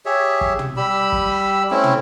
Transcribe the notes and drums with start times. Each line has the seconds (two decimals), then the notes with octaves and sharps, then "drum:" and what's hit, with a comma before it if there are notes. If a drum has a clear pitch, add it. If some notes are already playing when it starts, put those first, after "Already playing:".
0.06 G4 G#4 C#5 E5
0.41 drum: kick
0.59 drum: tom
0.77 G3 G4 B5 E6
1.12 drum: kick
1.71 A3 C4 C#4 E4
1.84 drum: tom